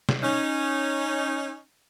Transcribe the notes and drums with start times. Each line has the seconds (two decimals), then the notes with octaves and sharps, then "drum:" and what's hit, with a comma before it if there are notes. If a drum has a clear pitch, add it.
0.09 drum: snare
0.22 C#4 D#4